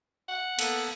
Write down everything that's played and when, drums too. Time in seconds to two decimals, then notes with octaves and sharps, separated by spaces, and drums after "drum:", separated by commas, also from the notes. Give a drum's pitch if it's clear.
0.28 F#5
0.59 A#3 B3 A4, drum: cymbal